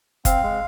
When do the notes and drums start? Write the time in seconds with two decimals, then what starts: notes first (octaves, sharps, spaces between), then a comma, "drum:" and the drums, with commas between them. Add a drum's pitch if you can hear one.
0.25 C4 F5, drum: kick F#1, hi-hat
0.43 G#3